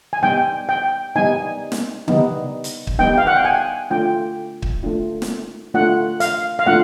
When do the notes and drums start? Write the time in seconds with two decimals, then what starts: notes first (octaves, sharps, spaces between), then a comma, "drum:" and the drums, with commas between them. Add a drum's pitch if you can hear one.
0.13 G#5
0.23 G3 B3 D#4 G5
0.69 G5
1.16 G3 B3 D#4 G#5
1.72 drum: snare
2.08 G3 B3 D#4, drum: tom C#3
2.64 drum: hi-hat
2.87 drum: kick
2.99 G3 B3 D#4 G5
3.18 F5
3.27 F#5
3.36 G5
3.45 G#5
3.91 A3 D4 F4 G5
4.62 drum: kick
4.83 A3 D4 F4
5.22 drum: snare
5.74 A3 D4 F4 F#5
6.20 F5, drum: hi-hat
6.59 F5
6.67 A3 D4 F4 F#5